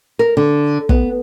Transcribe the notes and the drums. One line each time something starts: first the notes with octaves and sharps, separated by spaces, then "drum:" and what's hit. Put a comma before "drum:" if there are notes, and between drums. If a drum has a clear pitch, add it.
A#4
D3
B3, drum: kick